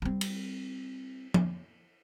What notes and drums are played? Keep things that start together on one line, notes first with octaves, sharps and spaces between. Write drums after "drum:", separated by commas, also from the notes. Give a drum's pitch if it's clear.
G3 C4
drum: cymbal
drum: tom